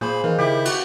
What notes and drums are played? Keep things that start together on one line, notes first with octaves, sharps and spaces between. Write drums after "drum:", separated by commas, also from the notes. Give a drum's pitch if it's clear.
A#2 A#3 G#4 C5 B5
D#3 E3 F5
C#3 E4 G4 E5
F#4, drum: cymbal